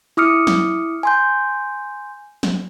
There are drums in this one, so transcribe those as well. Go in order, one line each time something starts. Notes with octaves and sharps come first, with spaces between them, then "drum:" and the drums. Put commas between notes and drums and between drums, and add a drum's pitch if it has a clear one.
E4 D6 D#6 F6 C#7
drum: snare
G#5 C6 G6
drum: snare